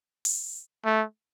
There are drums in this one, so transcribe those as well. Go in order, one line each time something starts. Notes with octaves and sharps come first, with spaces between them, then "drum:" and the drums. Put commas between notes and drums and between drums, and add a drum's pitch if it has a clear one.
drum: open hi-hat
A3